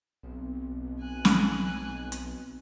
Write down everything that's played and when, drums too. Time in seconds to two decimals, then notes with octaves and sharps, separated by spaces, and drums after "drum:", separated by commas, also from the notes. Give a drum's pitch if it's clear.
0.23 B1 B3 C4
1.00 G#5 F#6
1.25 drum: snare
2.12 drum: hi-hat